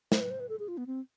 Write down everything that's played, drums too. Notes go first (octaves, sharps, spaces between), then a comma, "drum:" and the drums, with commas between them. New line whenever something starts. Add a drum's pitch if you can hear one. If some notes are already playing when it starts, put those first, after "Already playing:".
C5, drum: snare
B4
C5
B4
A4
G#4
F4
B3
C4